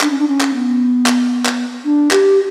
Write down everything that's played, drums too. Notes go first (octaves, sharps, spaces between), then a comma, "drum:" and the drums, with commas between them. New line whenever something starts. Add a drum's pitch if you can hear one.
D4, drum: clap
C#4
D4
C#4
drum: clap
B3
drum: clap
drum: clap
D4
G4, drum: clap